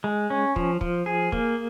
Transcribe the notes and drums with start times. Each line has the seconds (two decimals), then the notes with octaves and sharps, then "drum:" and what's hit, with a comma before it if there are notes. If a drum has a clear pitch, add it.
0.04 G#3
0.30 C#4
0.56 F3, drum: kick
0.81 F3, drum: kick
1.06 G#4
1.32 A#3, drum: kick